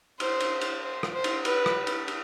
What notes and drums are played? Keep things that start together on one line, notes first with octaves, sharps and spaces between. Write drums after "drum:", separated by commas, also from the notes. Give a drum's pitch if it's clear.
C5, drum: cymbal
drum: cymbal
drum: cymbal
C5
drum: rim click
C5
drum: cymbal
B4, drum: cymbal
drum: rim click
drum: cymbal
drum: cymbal